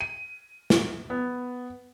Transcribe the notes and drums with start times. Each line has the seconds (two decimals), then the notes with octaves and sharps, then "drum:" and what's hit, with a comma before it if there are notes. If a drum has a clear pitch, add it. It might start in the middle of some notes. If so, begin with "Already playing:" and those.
0.01 D#7
0.70 drum: snare
1.10 B3